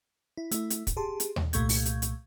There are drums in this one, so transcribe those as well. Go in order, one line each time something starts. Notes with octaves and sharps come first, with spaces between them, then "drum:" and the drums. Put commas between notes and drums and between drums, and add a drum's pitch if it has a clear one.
E4
A3 E4, drum: hi-hat
drum: hi-hat
drum: kick, hi-hat
G4 G#4 A5 C6
drum: hi-hat
drum: tom D#2
C2 A#2 A3 C#6 G6 G#6, drum: hi-hat
drum: open hi-hat
drum: hi-hat
drum: hi-hat